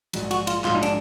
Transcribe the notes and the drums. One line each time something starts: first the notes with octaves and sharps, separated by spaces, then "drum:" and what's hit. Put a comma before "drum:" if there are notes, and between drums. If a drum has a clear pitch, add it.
A#1 G#2 F#3, drum: cymbal
F#4, drum: cymbal
F4, drum: cymbal
A#1 G#2 F#3 F4, drum: clap
D#4
D4, drum: cymbal